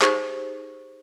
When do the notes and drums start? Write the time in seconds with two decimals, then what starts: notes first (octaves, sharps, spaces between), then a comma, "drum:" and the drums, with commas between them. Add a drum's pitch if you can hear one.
0.02 D#4 G4 G#4 C5, drum: clap